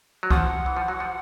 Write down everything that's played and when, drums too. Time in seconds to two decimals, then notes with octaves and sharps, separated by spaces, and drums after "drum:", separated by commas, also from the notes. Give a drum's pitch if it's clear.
0.23 F#3
0.31 F3 F#5, drum: kick C2
0.66 E3
0.76 F3
0.88 F#3
1.00 F3